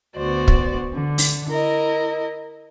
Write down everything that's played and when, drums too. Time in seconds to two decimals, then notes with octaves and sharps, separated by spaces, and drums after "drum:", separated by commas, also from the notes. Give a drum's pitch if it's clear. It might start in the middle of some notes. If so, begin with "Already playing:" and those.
0.15 D2 B3 F#4 C5 D5
0.48 drum: kick
0.93 D3
1.18 drum: open hi-hat
1.49 E4 A#4 D#5